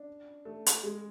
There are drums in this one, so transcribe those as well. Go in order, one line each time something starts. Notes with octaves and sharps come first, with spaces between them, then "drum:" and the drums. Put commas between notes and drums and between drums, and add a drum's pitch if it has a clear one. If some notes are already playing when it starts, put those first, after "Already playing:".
Already playing: D4
A3
drum: hi-hat
G#3